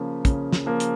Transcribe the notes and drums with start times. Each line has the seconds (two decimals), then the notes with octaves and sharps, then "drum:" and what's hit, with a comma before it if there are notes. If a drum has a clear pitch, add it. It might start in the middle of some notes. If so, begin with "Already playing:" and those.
Already playing: C#3 F3 A#3
0.25 C#3, drum: kick, hi-hat
0.53 drum: snare
0.66 F3 A#3
0.80 drum: hi-hat